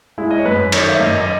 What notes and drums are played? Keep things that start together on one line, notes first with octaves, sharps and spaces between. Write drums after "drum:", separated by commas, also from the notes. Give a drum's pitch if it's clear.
G#3 E4
D#5
C#5
F#2 B4
D#3 C#5, drum: cymbal
E5
F#2 D#5
D#5